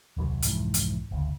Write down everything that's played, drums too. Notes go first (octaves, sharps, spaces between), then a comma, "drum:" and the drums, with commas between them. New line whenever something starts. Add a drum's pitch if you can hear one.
D#1 C2 C3 F#3
C2 F2 G#2 E3, drum: hi-hat
drum: hi-hat
F#1 D2